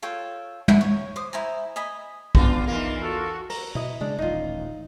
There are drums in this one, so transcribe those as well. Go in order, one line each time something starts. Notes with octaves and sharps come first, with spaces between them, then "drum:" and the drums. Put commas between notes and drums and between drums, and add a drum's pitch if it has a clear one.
F4 A4 C#5 G5
E4 F#5 G#5, drum: tom
C#5
C5 D6 D#6
E4 C5 G#5 A#5
D#5 G#5 B5
E2 B3 D4 F4, drum: kick A#1
E3 A#3 D#4 F4
F#4 A4
A#4, drum: open hi-hat
B2 E4 D#5
C#3 G#3 D4
D#1 A1 D#4 F4